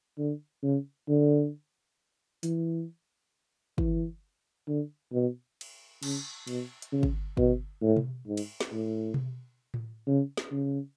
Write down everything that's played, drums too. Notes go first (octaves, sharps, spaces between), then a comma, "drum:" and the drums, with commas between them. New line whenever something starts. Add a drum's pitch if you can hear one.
D3
C#3
D3
E3, drum: hi-hat
E3, drum: kick
D3
B2
drum: cymbal
C#3, drum: cymbal
B2, drum: cymbal
drum: hi-hat
C#3
drum: kick
B2, drum: kick
A2
drum: tom B2
G#2
drum: cymbal
drum: snare
A2
drum: tom B2
drum: tom A2
C#3
drum: snare
C#3